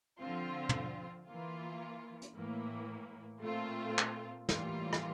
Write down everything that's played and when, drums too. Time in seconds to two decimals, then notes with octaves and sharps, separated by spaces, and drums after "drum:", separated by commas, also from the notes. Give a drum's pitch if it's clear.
0.20 D3 F3 C4 F4
0.69 drum: tom
1.27 E3 A#3 F4
2.22 drum: hi-hat
2.34 A2 E3 A#3
3.42 A#2 A3 C4 F4
3.98 drum: clap
4.49 A2 E3 G3 A#3 F4, drum: snare
4.93 drum: rim click